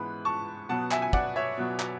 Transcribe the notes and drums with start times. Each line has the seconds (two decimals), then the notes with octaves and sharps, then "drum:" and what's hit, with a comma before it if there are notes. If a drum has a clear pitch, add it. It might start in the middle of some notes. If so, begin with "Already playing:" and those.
Already playing: G#2 E3 G#3 B3 B5
0.25 A5 C#6
0.69 B2 F#3 B3 F#5 A5
0.91 E5 G#5, drum: clap
1.02 G#5
1.13 D5 F#5, drum: kick
1.36 C#5 E5
1.58 B2 F#3 B3
1.80 drum: clap